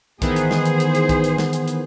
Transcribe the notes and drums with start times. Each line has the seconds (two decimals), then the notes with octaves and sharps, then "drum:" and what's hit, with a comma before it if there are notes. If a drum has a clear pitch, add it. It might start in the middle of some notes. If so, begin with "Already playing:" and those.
0.22 D#3 E3 B3 G#4 C5, drum: kick A#1, hi-hat
0.36 drum: hi-hat
0.51 drum: snare
0.65 drum: hi-hat
0.80 drum: hi-hat
0.95 drum: hi-hat
1.09 drum: kick A#1, hi-hat
1.24 drum: hi-hat
1.38 drum: snare
1.53 drum: hi-hat
1.68 drum: hi-hat